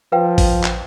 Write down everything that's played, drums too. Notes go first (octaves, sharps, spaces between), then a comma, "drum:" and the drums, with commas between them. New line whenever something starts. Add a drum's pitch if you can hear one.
F3 B4 F5 G5
drum: kick G#1, open hi-hat
drum: clap